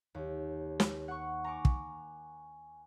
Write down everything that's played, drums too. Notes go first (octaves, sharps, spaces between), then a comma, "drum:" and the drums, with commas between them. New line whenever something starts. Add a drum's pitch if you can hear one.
D#2 G4 C#5
drum: snare
F#5 C#6
G#5 A#5 C#6 D6
drum: kick